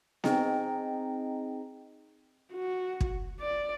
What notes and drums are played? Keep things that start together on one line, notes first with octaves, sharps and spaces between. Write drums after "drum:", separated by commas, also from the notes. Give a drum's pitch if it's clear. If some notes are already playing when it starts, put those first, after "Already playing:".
C4 D#4 G#4 D#5 G5, drum: snare B3
F#4
drum: kick
D5